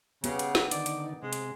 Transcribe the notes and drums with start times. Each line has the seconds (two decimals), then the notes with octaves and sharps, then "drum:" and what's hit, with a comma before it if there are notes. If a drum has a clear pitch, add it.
0.24 C#3 B3 G4, drum: hi-hat
0.39 drum: hi-hat
0.55 drum: snare
0.71 D3 D#3 D#4 D5, drum: hi-hat
0.86 drum: hi-hat
1.23 C3 G#3
1.33 drum: hi-hat